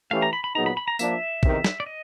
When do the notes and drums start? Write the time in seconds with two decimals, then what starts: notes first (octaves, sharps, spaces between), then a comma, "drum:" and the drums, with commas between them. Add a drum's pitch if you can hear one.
0.11 E3 A3 C#4 E4 G4 F5
0.22 A#5
0.33 B5
0.44 B5
0.55 A#2 F#3 B3 D#4 G#4 A#5
0.66 B5
0.77 B5
0.88 A#5
0.99 F3 A#3 D4 E5, drum: tambourine
1.43 E2 C3 D#3, drum: kick
1.64 drum: snare
1.80 D5
1.86 D#5